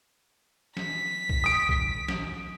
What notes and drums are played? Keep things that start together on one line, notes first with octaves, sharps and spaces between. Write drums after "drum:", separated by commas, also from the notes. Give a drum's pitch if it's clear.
B6, drum: snare
drum: kick B1
D#6 D7
drum: kick B1
drum: snare